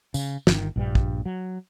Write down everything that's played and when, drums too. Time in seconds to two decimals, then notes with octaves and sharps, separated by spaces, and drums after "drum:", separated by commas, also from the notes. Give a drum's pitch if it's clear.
0.14 C#3, drum: tambourine
0.47 G1 C3 D#3, drum: snare
0.76 A#1 G2 G3
0.95 drum: kick
1.26 F#3